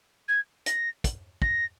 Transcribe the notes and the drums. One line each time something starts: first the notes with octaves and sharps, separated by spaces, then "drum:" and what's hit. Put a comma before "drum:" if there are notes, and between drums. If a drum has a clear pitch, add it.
G#6
A#6, drum: hi-hat
drum: kick, hi-hat
A#6, drum: kick